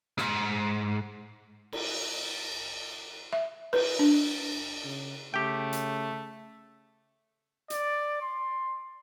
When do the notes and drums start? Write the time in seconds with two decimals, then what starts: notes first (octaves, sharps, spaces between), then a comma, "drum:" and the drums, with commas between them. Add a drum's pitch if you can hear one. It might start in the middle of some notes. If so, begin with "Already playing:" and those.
0.18 C#2 G#2, drum: snare
1.72 drum: cymbal
3.33 E5
3.73 B4, drum: cymbal
3.99 D4
4.84 C#3
5.34 C#3 A3 G4 G5
5.73 drum: hi-hat
7.70 D5, drum: hi-hat
8.22 C6